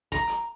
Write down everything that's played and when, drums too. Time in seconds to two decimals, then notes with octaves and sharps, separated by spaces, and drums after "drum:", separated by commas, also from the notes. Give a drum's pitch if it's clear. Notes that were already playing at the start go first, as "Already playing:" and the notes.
0.12 A#5, drum: kick, hi-hat
0.28 drum: hi-hat